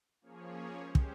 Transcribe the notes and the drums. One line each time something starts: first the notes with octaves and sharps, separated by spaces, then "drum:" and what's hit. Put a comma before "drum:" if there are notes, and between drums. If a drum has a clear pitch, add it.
F3 A#3 C#4 G#4 C#5
G#3 C#4 G4 C5
drum: kick